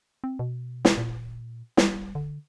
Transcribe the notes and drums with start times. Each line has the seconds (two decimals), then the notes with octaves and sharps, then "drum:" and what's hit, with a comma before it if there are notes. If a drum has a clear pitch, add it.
0.24 C4
0.39 B2
0.85 drum: snare
0.97 A#2
1.77 G3, drum: snare
2.15 D3